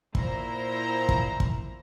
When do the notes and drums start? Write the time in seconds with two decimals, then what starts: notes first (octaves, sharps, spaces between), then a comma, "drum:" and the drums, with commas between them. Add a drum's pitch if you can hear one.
0.15 A#2 E4 C5 A#5, drum: kick
1.09 drum: kick
1.40 drum: kick